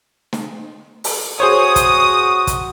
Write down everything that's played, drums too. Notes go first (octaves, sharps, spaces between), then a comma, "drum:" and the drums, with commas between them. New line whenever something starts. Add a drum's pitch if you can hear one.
drum: snare
drum: open hi-hat
F#4 G#4 C5 C#5 D#6
drum: kick, hi-hat
drum: kick, hi-hat